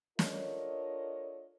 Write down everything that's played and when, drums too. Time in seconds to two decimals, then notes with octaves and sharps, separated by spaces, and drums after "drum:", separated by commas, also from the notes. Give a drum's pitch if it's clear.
0.19 D4 F4 A4 A#4 C#5 D#5, drum: snare